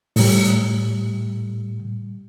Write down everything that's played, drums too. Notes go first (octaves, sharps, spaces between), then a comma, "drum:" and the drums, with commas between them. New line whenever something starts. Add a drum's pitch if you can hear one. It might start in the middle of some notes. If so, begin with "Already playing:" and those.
A2 G3, drum: open hi-hat